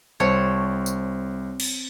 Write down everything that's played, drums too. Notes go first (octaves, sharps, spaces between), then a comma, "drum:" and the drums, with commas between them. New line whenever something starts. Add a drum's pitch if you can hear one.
C2 C4 C#5 A5
drum: tambourine
drum: cymbal